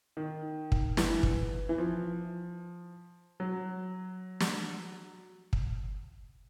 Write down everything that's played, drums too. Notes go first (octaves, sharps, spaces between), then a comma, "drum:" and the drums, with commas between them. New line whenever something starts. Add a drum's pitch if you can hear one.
D#3
drum: kick
E3, drum: snare
drum: kick
E3
F3
F#3
drum: snare
drum: kick